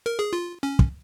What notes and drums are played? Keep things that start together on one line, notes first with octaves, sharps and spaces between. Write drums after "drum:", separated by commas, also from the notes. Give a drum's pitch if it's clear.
A#4
G#4
F4
C#4
drum: kick